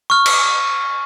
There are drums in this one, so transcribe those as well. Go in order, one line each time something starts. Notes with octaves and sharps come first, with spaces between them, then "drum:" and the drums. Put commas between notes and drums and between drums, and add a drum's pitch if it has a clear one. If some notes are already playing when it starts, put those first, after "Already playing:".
C#6 F6
drum: cymbal